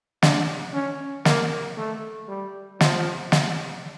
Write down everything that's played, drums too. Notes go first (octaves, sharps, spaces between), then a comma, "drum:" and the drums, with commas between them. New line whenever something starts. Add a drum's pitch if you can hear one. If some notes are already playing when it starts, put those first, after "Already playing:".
D4, drum: snare
C#4
A#3, drum: snare
A3
G3
F3, drum: snare
drum: snare